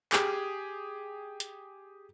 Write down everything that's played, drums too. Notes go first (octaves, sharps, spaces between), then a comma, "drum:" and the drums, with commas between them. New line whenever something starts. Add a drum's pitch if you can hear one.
G4 G#4, drum: clap
drum: hi-hat